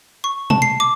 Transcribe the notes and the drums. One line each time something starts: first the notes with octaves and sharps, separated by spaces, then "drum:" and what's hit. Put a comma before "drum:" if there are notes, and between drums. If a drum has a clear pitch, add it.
C#6
A5, drum: tom B2
C7
D6